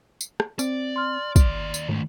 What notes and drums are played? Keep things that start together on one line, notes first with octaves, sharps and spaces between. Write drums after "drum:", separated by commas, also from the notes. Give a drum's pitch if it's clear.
drum: tambourine
drum: rim click
C4 D5, drum: tambourine
C6 F6
G1 D#2 D5, drum: kick, tambourine
drum: tambourine
G#2 D#3 A3